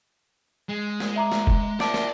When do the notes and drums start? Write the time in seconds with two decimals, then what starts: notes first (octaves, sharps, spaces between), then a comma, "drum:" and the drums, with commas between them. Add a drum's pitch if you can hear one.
0.69 G#3
1.00 drum: snare
1.16 E5 A#5 D6
1.32 drum: snare
1.47 drum: kick F1
1.80 D5 E5 A5 D6 D7, drum: snare
1.94 drum: snare